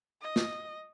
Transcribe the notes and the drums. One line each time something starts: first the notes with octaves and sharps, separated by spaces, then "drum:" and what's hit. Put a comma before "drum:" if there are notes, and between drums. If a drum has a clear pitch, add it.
D#5
drum: snare